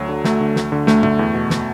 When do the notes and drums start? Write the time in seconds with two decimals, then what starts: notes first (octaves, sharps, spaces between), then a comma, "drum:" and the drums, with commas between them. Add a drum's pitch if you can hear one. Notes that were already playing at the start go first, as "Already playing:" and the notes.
Already playing: D2 F#3
0.09 D3
0.24 D2 A3, drum: snare
0.40 D3
0.56 D2, drum: snare
0.72 D3
0.87 D2 A3, drum: snare
1.03 D3 A3, drum: tom
1.19 E2
1.34 B2
1.50 drum: snare